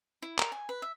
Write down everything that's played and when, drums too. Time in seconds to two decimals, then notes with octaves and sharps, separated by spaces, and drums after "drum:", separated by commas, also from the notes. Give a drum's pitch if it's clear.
0.22 E4
0.39 A#4, drum: clap
0.52 G#5
0.69 B4
0.82 E5